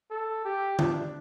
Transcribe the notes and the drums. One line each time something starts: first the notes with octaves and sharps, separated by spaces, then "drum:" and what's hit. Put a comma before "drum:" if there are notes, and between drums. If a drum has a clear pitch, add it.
A4
G4
D4, drum: tom D3